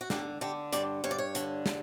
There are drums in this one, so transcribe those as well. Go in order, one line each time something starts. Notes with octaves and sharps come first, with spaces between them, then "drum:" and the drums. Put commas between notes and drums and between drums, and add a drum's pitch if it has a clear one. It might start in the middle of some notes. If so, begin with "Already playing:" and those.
F#4
D3 G4, drum: snare
D3 G4
G2 D5, drum: hi-hat
G2 C#5
D5
C#5
D3, drum: hi-hat
drum: snare